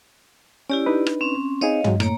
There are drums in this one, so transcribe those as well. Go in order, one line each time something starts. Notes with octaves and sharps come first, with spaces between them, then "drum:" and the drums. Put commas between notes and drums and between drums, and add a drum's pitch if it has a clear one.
C#4 E4 G4 D5
D4 D#4 B4
drum: rim click
C4 C#4
C4 D#4 G#4 C#5 D#5 F5
F#3 G#3, drum: tom
A2 A#3 C#5 A#5, drum: rim click